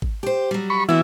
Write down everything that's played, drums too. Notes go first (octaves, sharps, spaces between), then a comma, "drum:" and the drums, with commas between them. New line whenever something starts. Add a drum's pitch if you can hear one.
drum: kick G#1
G4 C5
F#3 G3
B5 C#6
E3 B3 E4 F#4